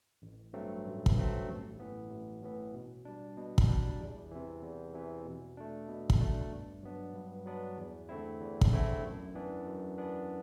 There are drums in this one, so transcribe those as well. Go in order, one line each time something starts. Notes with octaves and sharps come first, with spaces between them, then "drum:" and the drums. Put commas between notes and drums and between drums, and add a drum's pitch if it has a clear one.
A1
G2 F#3 A3 C4
A1
drum: kick
G2 F#3 A3 C4
A1
A2 E3 B3
A1
A2 E3 B3
B2
G3 D4
B2
drum: kick
G3 D4
E2
C3 E3
E2
C3 E3
B2
A3 D4
B2
drum: kick
A3 D4
G2
F#3 B3 D4
G2
F#3 B3 D4
E2
D3 A3 C4 E4
E2
drum: kick
D3 A3 C4 E4
F#2
E3 B3 D4
F#2
E3 B3 D4